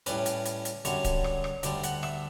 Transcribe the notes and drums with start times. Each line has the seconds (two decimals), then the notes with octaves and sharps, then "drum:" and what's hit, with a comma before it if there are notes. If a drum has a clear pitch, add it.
0.06 A2 G3 C#4 B4, drum: hi-hat
0.26 drum: hi-hat
0.46 drum: hi-hat
0.65 drum: hi-hat
0.85 F#2 D3 G3 C#5, drum: hi-hat
1.05 drum: kick D1, hi-hat
1.24 drum: rim click
1.44 drum: rim click
1.63 D2 D3 G3 D5, drum: hi-hat
1.84 F#5, drum: hi-hat
2.03 E5, drum: rim click